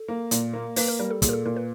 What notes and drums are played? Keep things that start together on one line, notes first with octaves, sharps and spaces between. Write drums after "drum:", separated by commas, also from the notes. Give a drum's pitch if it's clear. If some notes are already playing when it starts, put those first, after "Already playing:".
Already playing: A4
A#3
A#2, drum: hi-hat
A#3
A#3 B4, drum: open hi-hat
A#4
G3 A#4
A4
A#2 G#4, drum: kick, hi-hat
A#4
A4
A#2 A#4
B4